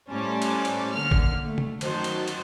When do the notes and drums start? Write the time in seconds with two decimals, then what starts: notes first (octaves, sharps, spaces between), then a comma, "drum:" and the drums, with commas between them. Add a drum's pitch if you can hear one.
0.10 A2 G3 C#4 C5 A5 D6
0.42 drum: cymbal
0.65 drum: cymbal
0.94 D3 A#3 F6
1.11 drum: kick
1.42 A3
1.58 drum: tom
1.81 F#2 D#3 F#4 C5 A5, drum: cymbal
2.04 drum: cymbal
2.28 drum: cymbal